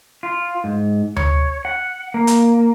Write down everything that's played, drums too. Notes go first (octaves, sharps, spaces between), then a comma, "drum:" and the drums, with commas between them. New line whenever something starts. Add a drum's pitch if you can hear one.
F4
G#2
C#5, drum: tom D2
F#5
A#3
drum: hi-hat